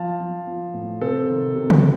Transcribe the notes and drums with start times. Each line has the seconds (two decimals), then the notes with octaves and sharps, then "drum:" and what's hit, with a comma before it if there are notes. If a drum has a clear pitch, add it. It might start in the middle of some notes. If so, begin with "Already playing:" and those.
Already playing: F3 F5 A5
0.20 F3
0.47 F3
0.74 A2
1.01 C3 A4 C5
1.29 D#3
1.56 C3
1.70 drum: tom C#3